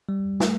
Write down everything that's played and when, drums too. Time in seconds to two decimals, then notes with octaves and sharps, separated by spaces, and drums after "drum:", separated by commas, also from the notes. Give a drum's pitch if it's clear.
0.09 G3
0.40 A3, drum: snare